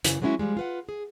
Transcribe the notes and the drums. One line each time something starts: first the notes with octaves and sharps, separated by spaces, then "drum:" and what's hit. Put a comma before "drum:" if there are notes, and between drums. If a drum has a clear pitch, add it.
F#2 C#3 E3, drum: hi-hat
F#3 G#3 B3 C#4 E4 F#4
F3 G3 G#3
F4 B4 F#5
G#4